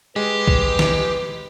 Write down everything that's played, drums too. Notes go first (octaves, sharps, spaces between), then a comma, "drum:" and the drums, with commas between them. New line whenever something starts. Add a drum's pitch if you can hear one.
G#3 G4 B4
drum: kick
drum: snare